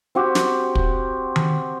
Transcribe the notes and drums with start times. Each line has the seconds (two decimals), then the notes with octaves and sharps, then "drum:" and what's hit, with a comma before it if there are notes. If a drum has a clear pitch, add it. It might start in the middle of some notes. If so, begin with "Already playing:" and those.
0.15 C4 F#4 G4
0.35 drum: snare
0.75 drum: kick
1.36 drum: tom D#3